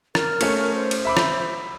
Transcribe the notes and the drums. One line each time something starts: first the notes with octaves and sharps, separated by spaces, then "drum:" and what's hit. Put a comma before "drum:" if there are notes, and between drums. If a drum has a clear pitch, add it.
A#4, drum: rim click
A3 C#4, drum: cymbal
C5
drum: cymbal
E5 B5 D6
drum: rim click